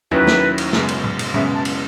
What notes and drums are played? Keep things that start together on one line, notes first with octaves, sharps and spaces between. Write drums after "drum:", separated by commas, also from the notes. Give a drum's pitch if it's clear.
D#2 D#3 F#3 C#4 E4 B4, drum: tom E2
drum: snare
drum: cymbal
F#2 C#3 G#3 B3, drum: snare
drum: cymbal
drum: tom A2
drum: cymbal
F#2 C#3 G#3 B3 E5, drum: tom A2
A5
drum: cymbal